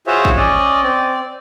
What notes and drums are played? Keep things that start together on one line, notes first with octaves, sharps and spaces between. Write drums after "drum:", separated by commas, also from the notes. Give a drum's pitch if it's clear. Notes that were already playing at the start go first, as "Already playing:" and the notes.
F4 F#4 G#4 C5 C#5 E5
drum: kick
C#4 D5 D#5
C4 D5